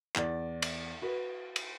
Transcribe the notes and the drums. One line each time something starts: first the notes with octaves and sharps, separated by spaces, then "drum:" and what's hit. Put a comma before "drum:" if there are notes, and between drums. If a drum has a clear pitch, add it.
E2 D5, drum: clap
drum: cymbal
F#4 B4
drum: cymbal